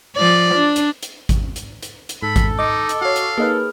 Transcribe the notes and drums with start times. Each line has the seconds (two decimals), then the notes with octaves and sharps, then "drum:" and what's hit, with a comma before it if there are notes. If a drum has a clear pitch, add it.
0.17 F3 D5
0.54 D4
0.76 drum: hi-hat
1.03 drum: hi-hat
1.29 drum: kick G#1, hi-hat
1.56 drum: hi-hat
1.83 drum: hi-hat
2.09 drum: hi-hat
2.23 G#2 A4 B5
2.36 drum: kick G#1, hi-hat
2.59 D#4 D#5 D6
2.89 drum: hi-hat
3.02 F#4 C#5 F5
3.16 drum: hi-hat
3.38 A#3 D#4 G#4 B4 F6